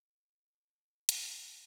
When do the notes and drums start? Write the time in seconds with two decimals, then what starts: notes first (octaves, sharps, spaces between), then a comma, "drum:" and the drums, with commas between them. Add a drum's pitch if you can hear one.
0.17 D4
0.52 D4
0.86 D4
1.09 drum: hi-hat
1.20 D4